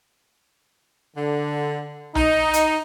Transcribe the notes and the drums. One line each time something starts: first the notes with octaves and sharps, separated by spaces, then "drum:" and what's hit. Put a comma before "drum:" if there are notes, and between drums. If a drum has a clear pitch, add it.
D3
D#4, drum: tom B1
drum: hi-hat